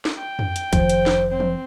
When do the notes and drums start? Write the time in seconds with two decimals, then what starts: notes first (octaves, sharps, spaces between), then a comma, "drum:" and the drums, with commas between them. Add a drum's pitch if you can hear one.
0.05 drum: snare
0.18 G5
0.39 drum: tom F2
0.56 drum: hi-hat
0.73 F1 D#3 F3 C5, drum: kick, hi-hat
0.89 drum: hi-hat
1.06 drum: snare
1.31 C4
1.40 drum: tom E3